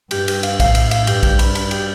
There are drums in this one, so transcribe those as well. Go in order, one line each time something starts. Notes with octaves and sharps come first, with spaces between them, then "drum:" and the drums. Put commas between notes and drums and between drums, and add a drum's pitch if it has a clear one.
G2 G4, drum: cymbal
G4, drum: cymbal
F5, drum: cymbal
A2 F5, drum: kick, cymbal
E4, drum: cymbal
F5, drum: cymbal
G2 G4, drum: cymbal
G4, drum: kick, cymbal
B5, drum: cymbal
B5, drum: cymbal
G4, drum: cymbal